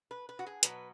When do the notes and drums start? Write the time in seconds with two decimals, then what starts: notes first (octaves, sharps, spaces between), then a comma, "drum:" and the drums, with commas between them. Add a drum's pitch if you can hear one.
0.11 B4
0.29 B4
0.39 F#4
0.46 G#4
0.63 B2 F#3 B4, drum: hi-hat